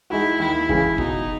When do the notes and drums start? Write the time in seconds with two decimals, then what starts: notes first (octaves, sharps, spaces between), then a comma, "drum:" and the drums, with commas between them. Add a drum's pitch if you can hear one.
0.10 G#3 D#4 E4 F#4
0.39 D#2 E4
0.69 C#3 E3 G#3, drum: kick
0.98 B2 D#4, drum: kick